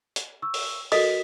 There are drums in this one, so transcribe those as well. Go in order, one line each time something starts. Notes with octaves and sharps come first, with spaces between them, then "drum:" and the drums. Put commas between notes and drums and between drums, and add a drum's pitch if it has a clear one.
drum: hi-hat
C#6 E6
drum: open hi-hat
F#4 A4 A#4 D#5 D#6 B6, drum: open hi-hat